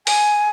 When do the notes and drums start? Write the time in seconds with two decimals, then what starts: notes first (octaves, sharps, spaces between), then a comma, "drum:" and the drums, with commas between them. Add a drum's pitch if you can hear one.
0.07 G#5, drum: open hi-hat